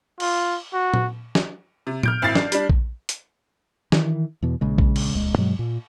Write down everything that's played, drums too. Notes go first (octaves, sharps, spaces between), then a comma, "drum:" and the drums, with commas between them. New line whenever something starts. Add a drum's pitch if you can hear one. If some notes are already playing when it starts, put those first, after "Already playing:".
F4, drum: cymbal
F#4
drum: tom A#2
drum: snare
C3
F6 G6 D7, drum: tom A#2
G#1 E4 A6 C7
D4, drum: snare
G3 D4, drum: hi-hat
drum: kick A#1
drum: hi-hat
D#3 E3, drum: snare
E2 B2
A#1 C#3 G#3
drum: kick A#1
drum: cymbal
D#1 C#2 G#3
G2 B2 F#3 G#3
A#2